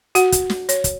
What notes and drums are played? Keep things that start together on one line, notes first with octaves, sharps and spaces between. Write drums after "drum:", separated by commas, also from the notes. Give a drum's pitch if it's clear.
F#4 F#5, drum: hi-hat
drum: kick, hi-hat
drum: snare
C#5, drum: hi-hat
drum: kick, hi-hat